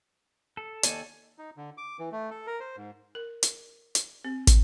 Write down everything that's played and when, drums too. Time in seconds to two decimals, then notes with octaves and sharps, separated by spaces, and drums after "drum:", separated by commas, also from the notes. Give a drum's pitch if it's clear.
0.57 A4
0.83 D#2 D5 G#5, drum: hi-hat
1.38 D#4
1.57 D3
1.78 D6
1.99 E3
2.12 A3
2.31 A4
2.47 A#4
2.60 C5
2.77 G#2
3.15 A#4
3.43 drum: hi-hat
3.95 drum: hi-hat
4.25 C4
4.47 drum: kick, hi-hat